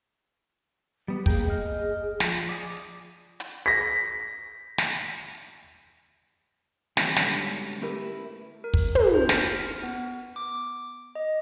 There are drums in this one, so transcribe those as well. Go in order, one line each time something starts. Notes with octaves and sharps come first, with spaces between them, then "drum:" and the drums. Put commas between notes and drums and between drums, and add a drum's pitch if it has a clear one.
G3 B3
A#3 G#4 A#4 G5, drum: kick
D#5 F6
F3, drum: snare
G#4 D5
drum: hi-hat
A#6 B6
drum: snare
D#3 E3 G3 C4 C#4, drum: snare
G#2 B2 D3 G3 B3 C#4, drum: snare
A3 E4 G4 A#4 B4
A#4
drum: kick
drum: tom
C5
F6, drum: snare
B3
D6
D#5